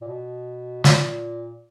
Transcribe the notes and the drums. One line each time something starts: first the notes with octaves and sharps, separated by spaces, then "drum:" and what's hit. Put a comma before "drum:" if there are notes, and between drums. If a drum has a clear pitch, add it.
A#2
B2
A#2, drum: snare